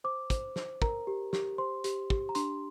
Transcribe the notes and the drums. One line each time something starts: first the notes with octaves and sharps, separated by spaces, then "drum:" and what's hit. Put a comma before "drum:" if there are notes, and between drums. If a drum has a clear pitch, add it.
C5 D6
C5, drum: kick, hi-hat
C5, drum: snare
A#4 A#5, drum: kick
G4
G4, drum: snare
C5 C6
G4, drum: hi-hat
G4, drum: kick
A#5
D4 C6, drum: hi-hat